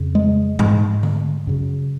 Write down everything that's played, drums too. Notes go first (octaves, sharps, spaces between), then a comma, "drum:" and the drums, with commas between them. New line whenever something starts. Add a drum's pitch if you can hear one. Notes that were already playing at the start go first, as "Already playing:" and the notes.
Already playing: F2 C#3
G#3
G#2 G#3, drum: tom G#2
drum: tom D3
F#2 C#3